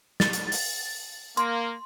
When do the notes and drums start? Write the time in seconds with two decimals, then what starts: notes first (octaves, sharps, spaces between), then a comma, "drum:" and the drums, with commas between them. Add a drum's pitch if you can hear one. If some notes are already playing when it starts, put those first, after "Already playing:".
0.20 A6, drum: snare
0.33 drum: hi-hat
0.52 drum: open hi-hat
1.37 A#3 C6, drum: hi-hat